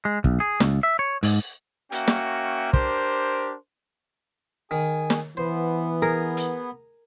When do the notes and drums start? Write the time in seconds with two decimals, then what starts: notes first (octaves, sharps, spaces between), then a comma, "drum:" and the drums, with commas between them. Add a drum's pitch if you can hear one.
0.05 G#3
0.24 B1, drum: kick
0.40 G#4
0.60 C#2, drum: snare
0.83 E5
0.99 C#5
1.23 G#2, drum: open hi-hat
1.92 A#3 C#4 F#4 E5 G5, drum: hi-hat
2.08 drum: snare
2.73 D4 G4 A#4 C5, drum: kick
4.71 D#3 G#4
5.10 drum: snare
5.37 E3 B3 C5
6.02 G#4 A#4
6.37 drum: hi-hat